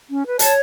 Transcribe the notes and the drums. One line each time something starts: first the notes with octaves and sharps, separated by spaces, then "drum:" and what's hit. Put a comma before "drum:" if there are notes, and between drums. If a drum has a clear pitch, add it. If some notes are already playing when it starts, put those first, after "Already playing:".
C#4
B4
C#5 A5, drum: hi-hat